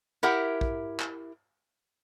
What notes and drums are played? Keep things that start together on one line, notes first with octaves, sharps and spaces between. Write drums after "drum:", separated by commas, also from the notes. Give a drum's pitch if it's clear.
E4 G4 A#4 E5 F#5
drum: kick A#1
drum: clap